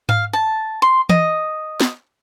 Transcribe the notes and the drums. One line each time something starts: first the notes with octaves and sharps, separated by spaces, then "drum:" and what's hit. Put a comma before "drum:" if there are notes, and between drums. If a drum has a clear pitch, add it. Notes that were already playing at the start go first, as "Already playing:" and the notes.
F5, drum: tom G#2
A5
C6
D#5, drum: tom E3
drum: snare